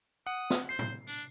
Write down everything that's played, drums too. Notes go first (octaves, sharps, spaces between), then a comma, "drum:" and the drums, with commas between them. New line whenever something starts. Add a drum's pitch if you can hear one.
F#5 D#6
drum: snare
C5 C7
drum: tom A2
D4, drum: tambourine